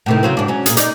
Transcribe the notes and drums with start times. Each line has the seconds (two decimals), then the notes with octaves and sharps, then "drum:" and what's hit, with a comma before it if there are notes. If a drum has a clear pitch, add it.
0.06 A2 C3 D#3
0.23 C#3 F#3 C4
0.37 G#2 D4
0.48 F#3 C#4
0.66 A#2 G#4, drum: hi-hat
0.77 D#4 D5, drum: hi-hat